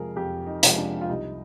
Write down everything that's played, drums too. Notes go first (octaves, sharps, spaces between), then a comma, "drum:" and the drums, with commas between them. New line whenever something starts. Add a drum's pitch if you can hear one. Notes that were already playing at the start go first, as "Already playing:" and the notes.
Already playing: F2 C3 F3 G#3 G#4 A#4
F2 G4
D#4
C3 F3 G#3, drum: hi-hat
D4
F4
C2 D#4